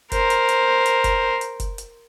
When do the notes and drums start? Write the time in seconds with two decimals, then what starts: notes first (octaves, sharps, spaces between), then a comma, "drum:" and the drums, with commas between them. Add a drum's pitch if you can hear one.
0.12 A#4 C5, drum: kick F1, hi-hat
0.30 drum: hi-hat
0.49 drum: hi-hat
0.86 drum: hi-hat
1.04 drum: kick F1, hi-hat
1.41 drum: hi-hat
1.60 drum: kick F1, hi-hat
1.78 drum: hi-hat